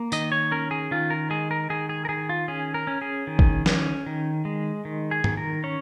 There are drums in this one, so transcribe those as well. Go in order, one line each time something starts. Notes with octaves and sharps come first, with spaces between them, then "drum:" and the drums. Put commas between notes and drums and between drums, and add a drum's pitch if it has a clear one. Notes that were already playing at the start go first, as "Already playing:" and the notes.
Already playing: A#3
D#3 D#5, drum: tambourine
C#5
C#4 A#4
G#4
D#3 F4
A#4
G#3 G#4
A#4
D#3 G#4
G#4
A#4
D#3 G#4
F4
C#4 G#4
A#4
C#4
G#4
D#3
drum: kick
C#4, drum: snare
D#3
G#3
D#3
G#4
D#3, drum: tom
A#4
C#4 C#5